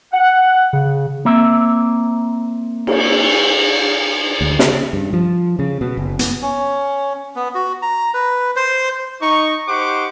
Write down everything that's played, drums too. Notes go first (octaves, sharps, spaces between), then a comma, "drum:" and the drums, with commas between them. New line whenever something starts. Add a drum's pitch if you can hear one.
F#5
C#3
A#3 C4 E5
drum: cymbal
D2
C#3, drum: snare
G2
F3
C#3
B2
F#1
B3, drum: hi-hat
C#4
B3
F#4
A#5
B4
C5
D#4 C#6
D#4 G4 C5 F#5 C#6 D6